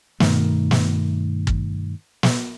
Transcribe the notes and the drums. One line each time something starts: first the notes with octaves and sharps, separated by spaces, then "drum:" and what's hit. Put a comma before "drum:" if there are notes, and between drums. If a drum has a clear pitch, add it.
G2 B2 D#3 A3, drum: snare
drum: snare
drum: kick
drum: snare